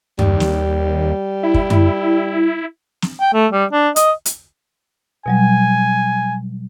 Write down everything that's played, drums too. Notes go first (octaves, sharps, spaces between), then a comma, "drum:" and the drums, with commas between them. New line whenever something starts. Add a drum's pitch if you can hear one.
D#2 G3, drum: tom F#2
drum: snare
E4
drum: kick
drum: tom F#2
drum: snare
G5
A3
G3
D4
D#5, drum: hi-hat
drum: hi-hat
B2 F#3 G3 G#5